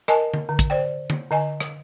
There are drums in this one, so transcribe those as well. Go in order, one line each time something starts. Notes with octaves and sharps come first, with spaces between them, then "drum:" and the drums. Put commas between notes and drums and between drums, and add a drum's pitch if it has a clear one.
A#4 D#5 G#5 A5, drum: rim click
drum: tom D3
D3
drum: kick, hi-hat
C5 D5 G5
drum: tom D3
D3 D#5 G#5
drum: rim click